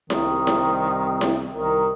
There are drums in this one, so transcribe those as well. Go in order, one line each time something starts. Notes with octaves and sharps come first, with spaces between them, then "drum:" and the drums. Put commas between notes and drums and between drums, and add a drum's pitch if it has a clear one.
C2 D#3 C4, drum: snare E4
drum: snare E4
drum: snare E4
C2 D#3 A#4